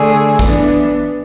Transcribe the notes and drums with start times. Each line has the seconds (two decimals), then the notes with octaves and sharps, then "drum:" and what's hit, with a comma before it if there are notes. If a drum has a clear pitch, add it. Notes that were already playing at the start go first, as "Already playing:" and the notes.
Already playing: D3 A3 D4 G#4
0.39 E3 B3 D4, drum: kick